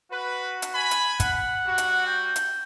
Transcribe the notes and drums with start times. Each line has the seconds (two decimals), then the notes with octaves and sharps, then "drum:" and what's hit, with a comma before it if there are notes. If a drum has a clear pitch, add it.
0.10 F#4 B4
0.62 drum: hi-hat
0.74 G#5 B5
0.91 drum: hi-hat
1.20 F#5, drum: kick, hi-hat
1.65 G3 F#4
1.78 drum: hi-hat
2.07 G5
2.36 drum: hi-hat